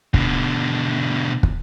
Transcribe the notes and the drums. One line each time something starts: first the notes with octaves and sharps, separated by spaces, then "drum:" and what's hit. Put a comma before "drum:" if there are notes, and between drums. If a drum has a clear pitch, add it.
B2 D3, drum: kick
drum: kick